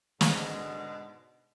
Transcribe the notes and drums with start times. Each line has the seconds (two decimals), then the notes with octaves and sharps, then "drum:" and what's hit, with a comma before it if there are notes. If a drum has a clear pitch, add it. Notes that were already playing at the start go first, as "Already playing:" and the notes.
0.21 G#2 B2 D3 G#3, drum: snare